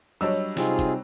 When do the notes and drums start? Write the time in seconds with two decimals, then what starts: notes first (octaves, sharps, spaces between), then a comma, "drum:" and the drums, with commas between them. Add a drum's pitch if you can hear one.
0.21 F#3 G3 D4 C#5 D#5 E6
0.57 C3 C4 D#4 F4 G#4, drum: snare
0.79 drum: kick, hi-hat